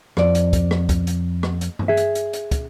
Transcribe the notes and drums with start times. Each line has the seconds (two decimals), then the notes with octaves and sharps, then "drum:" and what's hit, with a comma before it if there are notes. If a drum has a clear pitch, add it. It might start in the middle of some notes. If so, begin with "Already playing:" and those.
0.17 F2 D5, drum: rim click
0.35 drum: hi-hat
0.53 drum: kick, hi-hat
0.71 drum: rim click
0.89 drum: kick, hi-hat
1.07 drum: hi-hat
1.43 drum: rim click
1.61 drum: hi-hat
1.79 drum: tom G2
1.88 G#4 E5
1.97 drum: hi-hat
2.15 drum: hi-hat
2.33 drum: hi-hat
2.51 drum: kick, hi-hat